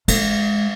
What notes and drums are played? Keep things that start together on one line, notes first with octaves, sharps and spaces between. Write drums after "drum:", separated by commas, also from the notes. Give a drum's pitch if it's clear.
G#3, drum: cymbal